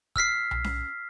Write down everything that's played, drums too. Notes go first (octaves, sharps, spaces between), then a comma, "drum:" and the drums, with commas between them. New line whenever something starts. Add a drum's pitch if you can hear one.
E6 F6 B6 C7, drum: kick G1
drum: tom B1
drum: snare C#4